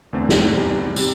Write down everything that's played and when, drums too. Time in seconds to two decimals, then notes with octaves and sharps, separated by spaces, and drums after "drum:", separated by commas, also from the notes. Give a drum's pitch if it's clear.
0.13 E2 D3 A3 C4
0.29 drum: snare
0.54 E2 C3 G3
0.96 C3 G3, drum: tambourine